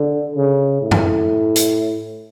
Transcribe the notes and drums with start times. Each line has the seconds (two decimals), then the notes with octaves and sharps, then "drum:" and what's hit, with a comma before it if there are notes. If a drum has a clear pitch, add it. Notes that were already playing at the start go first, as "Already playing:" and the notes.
Already playing: D3
0.36 C#3
0.82 A2
0.91 drum: tom F#2
1.56 drum: hi-hat